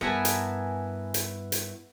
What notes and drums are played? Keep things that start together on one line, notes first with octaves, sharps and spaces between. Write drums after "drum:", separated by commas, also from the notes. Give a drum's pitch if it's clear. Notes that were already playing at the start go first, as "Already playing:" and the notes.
G2 B3 E4 A#4 B4 E5 G#5 A5
drum: hi-hat
drum: hi-hat
drum: hi-hat